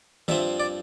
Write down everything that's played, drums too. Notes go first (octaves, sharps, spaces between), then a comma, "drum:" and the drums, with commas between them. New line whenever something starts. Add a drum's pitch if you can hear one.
G2 F3 C4 E5, drum: tom D#3
D5